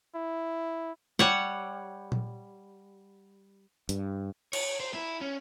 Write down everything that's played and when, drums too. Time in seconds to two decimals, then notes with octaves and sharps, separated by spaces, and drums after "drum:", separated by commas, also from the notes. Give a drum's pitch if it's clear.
0.15 E4
1.19 G3 C#5 F#5, drum: snare
2.12 drum: tom A#2
3.89 G2, drum: hi-hat
4.53 C#5, drum: cymbal
4.80 C5
4.94 E4
5.21 C#4